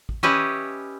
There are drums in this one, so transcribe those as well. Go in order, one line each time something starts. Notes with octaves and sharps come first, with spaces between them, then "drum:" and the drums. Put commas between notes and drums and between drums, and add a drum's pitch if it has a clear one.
drum: kick
C#4 E4 G4 B4 C#5 D#5, drum: tom E3